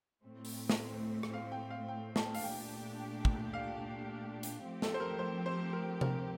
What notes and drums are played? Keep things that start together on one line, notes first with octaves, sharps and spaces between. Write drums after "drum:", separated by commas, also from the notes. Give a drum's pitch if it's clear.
A2 A3 C4
drum: open hi-hat
drum: snare
drum: rim click
F5
G5
F5
G5
A5, drum: snare
F5, drum: open hi-hat
A#2 A3 D4 G4 G5
drum: kick
F5
drum: hi-hat
F3 A3 C4 G4
A4, drum: snare
C5
A#4
C5
C5
A#4
A#4, drum: tom C3